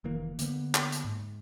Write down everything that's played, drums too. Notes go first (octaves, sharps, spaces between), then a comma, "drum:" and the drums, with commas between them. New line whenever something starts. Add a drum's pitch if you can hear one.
F1 D#3 E3 A#3
D3 A#3 B3, drum: hi-hat
drum: clap
drum: hi-hat
G#2